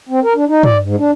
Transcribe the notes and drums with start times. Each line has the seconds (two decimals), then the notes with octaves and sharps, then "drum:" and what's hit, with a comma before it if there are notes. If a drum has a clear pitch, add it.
0.09 C4
0.24 A#4
0.35 D4
0.48 D#4
0.63 D5, drum: tom
0.82 G#2
0.98 D4